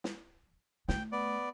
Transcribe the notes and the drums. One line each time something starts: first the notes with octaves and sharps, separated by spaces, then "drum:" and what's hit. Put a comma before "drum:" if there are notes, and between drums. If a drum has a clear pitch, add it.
drum: snare
A3 G5, drum: snare
B3 D5